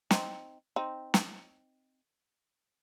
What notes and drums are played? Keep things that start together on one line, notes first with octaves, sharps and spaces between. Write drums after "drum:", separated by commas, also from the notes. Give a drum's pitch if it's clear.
C4 D#4, drum: snare
C4 D#4
drum: snare